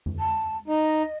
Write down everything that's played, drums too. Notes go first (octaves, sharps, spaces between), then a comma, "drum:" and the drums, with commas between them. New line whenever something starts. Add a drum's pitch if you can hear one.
drum: tom F2
A5
D#4 D#5